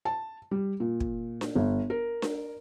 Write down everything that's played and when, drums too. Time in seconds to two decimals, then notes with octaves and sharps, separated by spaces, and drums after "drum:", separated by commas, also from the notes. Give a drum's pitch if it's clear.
0.05 A5
0.51 G3
0.80 A#2
1.00 drum: kick
1.41 drum: snare D4
1.55 G1
1.90 A#4
2.22 drum: snare D4